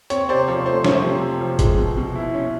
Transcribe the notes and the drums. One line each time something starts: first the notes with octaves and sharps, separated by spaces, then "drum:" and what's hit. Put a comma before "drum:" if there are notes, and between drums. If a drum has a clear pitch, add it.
C4 C#5, drum: hi-hat
C3 C5 D5
F3 C#5
A3 C5
F3 C#5, drum: snare
C3
C3
F3
G#3, drum: kick, hi-hat
B2
B2
E4
C#4